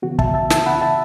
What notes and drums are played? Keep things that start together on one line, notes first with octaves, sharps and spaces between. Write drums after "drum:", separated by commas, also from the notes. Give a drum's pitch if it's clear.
C#3 E3 B3 F#4
E5 A5, drum: kick
E5 A5
E5 A5, drum: snare
F#5 B5
E5 A5